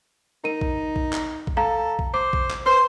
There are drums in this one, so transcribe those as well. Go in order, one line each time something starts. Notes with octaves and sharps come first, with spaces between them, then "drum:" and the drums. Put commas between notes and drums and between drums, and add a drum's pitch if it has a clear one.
D#4 A#4 D#7
drum: kick A#1
drum: kick A#1
drum: clap
drum: kick A#1
A4 F5 A#5
drum: kick A#1
C5 D6
drum: kick A#1
drum: clap
B4 C5 C6